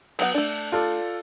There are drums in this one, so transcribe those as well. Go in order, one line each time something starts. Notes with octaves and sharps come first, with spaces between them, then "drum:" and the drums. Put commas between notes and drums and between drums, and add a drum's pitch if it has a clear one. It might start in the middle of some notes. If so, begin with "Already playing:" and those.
F#3 B3 F#5, drum: cymbal
A3 D4
F4 A4 D5